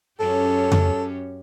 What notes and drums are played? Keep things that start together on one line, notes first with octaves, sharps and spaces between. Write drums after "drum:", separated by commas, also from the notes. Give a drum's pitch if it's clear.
F#2 C#4 G4 A4
drum: tom F2